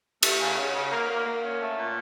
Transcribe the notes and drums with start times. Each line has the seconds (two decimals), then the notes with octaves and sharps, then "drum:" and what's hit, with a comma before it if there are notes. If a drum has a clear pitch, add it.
0.23 A3, drum: cymbal
0.40 C#3
0.57 C#3
0.74 C#3
0.92 A#3
1.09 A#3
1.26 A#3
1.43 C#4
1.61 A3
1.78 A#2